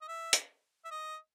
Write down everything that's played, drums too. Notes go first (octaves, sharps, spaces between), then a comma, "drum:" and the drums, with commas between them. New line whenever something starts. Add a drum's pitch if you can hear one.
D#5
E5
drum: hi-hat
E5
D#5